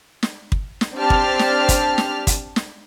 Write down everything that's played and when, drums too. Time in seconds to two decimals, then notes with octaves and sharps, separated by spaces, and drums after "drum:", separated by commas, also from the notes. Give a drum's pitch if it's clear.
0.23 drum: snare
0.52 drum: kick
0.81 drum: snare
0.96 C4 D4 G4 A5 F6
1.10 drum: kick
1.39 drum: snare
1.69 drum: kick, hi-hat
1.98 drum: snare
2.27 drum: kick, hi-hat
2.56 drum: snare